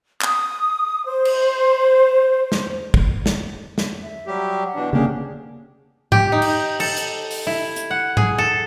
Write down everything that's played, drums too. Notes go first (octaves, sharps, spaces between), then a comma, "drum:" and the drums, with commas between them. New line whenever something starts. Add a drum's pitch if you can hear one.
D#6, drum: clap
C5
drum: cymbal
drum: snare
drum: kick
drum: snare
drum: snare
E5
F#3 G3 G4
F#5
B2 E3 D4
C#3 A#3 C#4 D4 G4 G#4
G4, drum: tom G#2
D#4
drum: cymbal
A4, drum: cymbal
drum: hi-hat
drum: open hi-hat
E4
drum: hi-hat
F#5
G#4, drum: tom G#2
A4